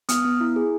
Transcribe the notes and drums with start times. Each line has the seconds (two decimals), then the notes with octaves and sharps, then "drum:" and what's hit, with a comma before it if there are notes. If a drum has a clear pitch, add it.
0.09 B3 D#6 F6, drum: hi-hat
0.25 B3
0.41 E4
0.56 G#4